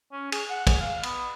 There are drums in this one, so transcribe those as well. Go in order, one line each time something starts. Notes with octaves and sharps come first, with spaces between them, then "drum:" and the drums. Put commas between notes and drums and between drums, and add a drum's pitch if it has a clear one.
C#4
G#4, drum: cymbal
F#5
G#4, drum: kick, cymbal
F5
B3, drum: cymbal